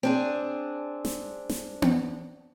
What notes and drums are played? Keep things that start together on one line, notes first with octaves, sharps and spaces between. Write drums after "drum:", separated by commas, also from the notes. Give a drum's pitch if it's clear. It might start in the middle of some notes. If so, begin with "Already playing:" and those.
C4 D4 G#4
drum: snare
drum: snare
drum: tom B3